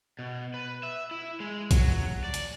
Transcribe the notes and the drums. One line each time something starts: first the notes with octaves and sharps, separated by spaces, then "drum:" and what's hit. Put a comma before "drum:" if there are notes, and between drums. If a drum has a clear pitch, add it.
B2
B4
E5
E4
G#3
F#3, drum: kick A#1, hi-hat
D5
drum: hi-hat